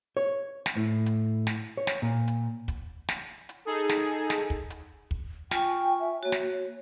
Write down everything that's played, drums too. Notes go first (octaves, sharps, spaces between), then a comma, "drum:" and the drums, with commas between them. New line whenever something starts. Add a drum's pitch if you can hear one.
C#5
drum: snare
A2
drum: hi-hat
drum: snare
C#5
drum: snare
A#2
drum: hi-hat
drum: kick, hi-hat
drum: snare
drum: hi-hat
D#4 G#4 A4
drum: snare
drum: snare
drum: kick
drum: hi-hat
drum: kick
F4 G5 G#5 C#6, drum: snare
E5
A#3 F#4 C#5
drum: snare